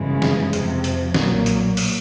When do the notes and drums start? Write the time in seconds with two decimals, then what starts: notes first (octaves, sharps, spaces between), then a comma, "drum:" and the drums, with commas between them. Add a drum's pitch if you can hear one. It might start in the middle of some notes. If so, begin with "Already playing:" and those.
Already playing: G1 F#2 C#3 E3 G#3
0.22 drum: snare
0.53 F2 C3 F3, drum: hi-hat
0.84 drum: hi-hat
1.14 B1 A#2 F#3 A#3, drum: snare
1.46 drum: hi-hat
1.77 drum: open hi-hat